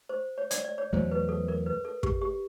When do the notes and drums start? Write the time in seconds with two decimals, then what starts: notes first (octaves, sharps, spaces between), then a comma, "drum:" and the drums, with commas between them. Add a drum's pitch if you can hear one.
0.09 C5
0.38 C#5
0.51 D5, drum: hi-hat
0.65 D5
0.78 C#5
0.93 E2 B2 F#3 A3 C5
1.11 B4
1.29 A4
1.48 A#4
1.66 B4
1.85 A4
2.03 G4, drum: kick
2.21 G4